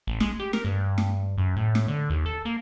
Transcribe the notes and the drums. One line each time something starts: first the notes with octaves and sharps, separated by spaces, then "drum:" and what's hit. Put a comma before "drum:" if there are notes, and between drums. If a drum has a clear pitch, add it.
A1
G#3, drum: snare
G4
A#4, drum: snare
G2
drum: snare
F#2
A2
drum: snare
D3
D#2
A4
A#3